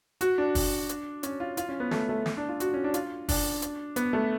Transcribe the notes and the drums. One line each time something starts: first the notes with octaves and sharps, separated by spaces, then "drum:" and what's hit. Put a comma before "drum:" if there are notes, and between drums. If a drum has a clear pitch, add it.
F#4, drum: hi-hat
D4
drum: kick, open hi-hat
drum: hi-hat
C#4, drum: hi-hat
F4
F4, drum: hi-hat
C#4
B3
A3, drum: snare
A3
drum: snare
D4
F4
F#4, drum: hi-hat
C#4
D4
F4, drum: hi-hat
D4, drum: kick, open hi-hat
drum: hi-hat
B3, drum: hi-hat
A3